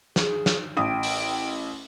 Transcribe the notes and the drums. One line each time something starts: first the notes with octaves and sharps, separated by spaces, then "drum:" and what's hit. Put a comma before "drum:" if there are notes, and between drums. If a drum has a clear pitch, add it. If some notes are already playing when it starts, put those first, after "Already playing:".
G#4, drum: snare
drum: snare
A1 G5 D#6
drum: open hi-hat